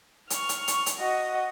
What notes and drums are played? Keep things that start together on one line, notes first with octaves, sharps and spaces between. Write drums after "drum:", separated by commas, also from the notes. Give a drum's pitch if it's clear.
C#6 F6, drum: hi-hat
drum: hi-hat
drum: hi-hat
drum: hi-hat
F#4 D#5